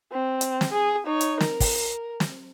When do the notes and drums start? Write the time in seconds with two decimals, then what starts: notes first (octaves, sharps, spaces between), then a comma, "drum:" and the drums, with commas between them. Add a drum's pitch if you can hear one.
0.12 C4
0.41 drum: hi-hat
0.61 drum: snare
0.72 G#4
1.06 D#4 C#5
1.21 drum: hi-hat
1.40 A#4, drum: snare
1.60 drum: kick, open hi-hat
2.20 drum: snare